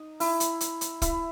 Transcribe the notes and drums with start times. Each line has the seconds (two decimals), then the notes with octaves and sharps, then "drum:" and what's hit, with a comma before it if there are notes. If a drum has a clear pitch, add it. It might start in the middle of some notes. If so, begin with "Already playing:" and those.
Already playing: D#4
0.20 E4, drum: open hi-hat
0.40 drum: hi-hat
0.61 drum: hi-hat
0.81 drum: hi-hat
1.02 E4, drum: kick, hi-hat